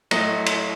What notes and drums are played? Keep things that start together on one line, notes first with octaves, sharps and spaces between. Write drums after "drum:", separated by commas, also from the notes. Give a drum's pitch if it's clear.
A2 F#3 A3 D#5, drum: cymbal
drum: cymbal